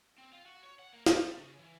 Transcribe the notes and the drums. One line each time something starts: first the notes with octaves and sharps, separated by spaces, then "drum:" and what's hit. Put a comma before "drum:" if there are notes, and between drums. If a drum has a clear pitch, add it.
C4
F4
F#4
C#5
F#5
A#3
G3, drum: snare
A3
C#3
E3